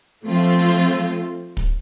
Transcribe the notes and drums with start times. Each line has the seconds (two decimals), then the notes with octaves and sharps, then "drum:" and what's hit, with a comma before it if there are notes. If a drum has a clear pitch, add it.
0.25 F3 A3 C4 F4
1.57 drum: kick